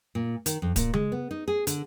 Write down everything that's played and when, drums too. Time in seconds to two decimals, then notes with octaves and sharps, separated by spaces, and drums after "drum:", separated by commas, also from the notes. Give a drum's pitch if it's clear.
0.15 A#2
0.46 D#3, drum: hi-hat
0.62 F2
0.76 A#2, drum: kick D1, hi-hat
0.94 G#3, drum: tom C#3
1.12 B3
1.31 D#4
1.48 G#4
1.67 D3, drum: hi-hat